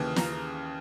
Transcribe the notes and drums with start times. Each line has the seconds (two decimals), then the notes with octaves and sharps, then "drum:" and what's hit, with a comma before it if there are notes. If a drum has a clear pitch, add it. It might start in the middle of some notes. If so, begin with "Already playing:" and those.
Already playing: D#2 C#3 E3
0.16 A#5, drum: snare